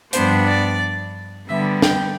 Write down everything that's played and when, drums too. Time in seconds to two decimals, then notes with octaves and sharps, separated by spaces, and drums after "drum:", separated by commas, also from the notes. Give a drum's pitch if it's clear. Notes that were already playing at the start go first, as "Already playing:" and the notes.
0.13 G2 F3 B3 D4 C5, drum: hi-hat
0.47 D5
1.47 D3 G3 B3 E5
1.82 G5, drum: snare